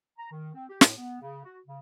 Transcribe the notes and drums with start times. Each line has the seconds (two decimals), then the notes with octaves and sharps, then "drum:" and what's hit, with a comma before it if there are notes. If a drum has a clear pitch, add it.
0.18 A#5
0.32 D#3
0.55 C4
0.69 G4
0.81 A2, drum: snare
0.98 B3
1.21 C#3
1.45 F#4
1.67 C#3